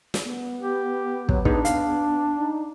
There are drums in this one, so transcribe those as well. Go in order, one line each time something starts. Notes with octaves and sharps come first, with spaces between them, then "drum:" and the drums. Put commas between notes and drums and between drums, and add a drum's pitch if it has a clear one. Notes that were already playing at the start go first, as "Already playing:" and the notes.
drum: snare
B3
G4
F#3, drum: kick
D4 D#4 G#4 B4, drum: kick
F5, drum: hi-hat
D#4